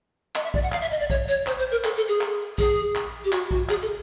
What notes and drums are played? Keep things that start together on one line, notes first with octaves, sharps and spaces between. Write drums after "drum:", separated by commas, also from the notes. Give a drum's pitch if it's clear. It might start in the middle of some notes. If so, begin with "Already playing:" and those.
D#5, drum: clap
E5
D5, drum: kick A#1
F#5
F5, drum: clap
E5
D#5
D5
C#5, drum: kick A#1
C#5
C5, drum: clap
C5
A#4
A4, drum: clap
A4
G#4
drum: clap
G#4, drum: kick A#1
drum: clap
G4
F#4, drum: clap
F#4, drum: kick A#1
G#4, drum: clap
A4